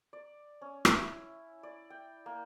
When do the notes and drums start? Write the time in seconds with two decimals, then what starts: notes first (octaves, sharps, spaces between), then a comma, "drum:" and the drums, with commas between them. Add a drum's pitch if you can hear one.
0.13 D5
0.61 C#4
0.85 drum: rim click
0.97 E4
1.63 D5
1.90 G5
2.26 A#3